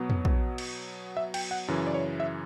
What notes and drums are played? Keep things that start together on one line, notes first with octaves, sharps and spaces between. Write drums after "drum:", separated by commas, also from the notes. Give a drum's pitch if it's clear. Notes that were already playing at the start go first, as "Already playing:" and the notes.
Already playing: B2 F#3 B3
drum: tom
drum: kick
drum: cymbal
E5
G5, drum: cymbal
F#5
F#2 C#3 E3
D5
C#5
E5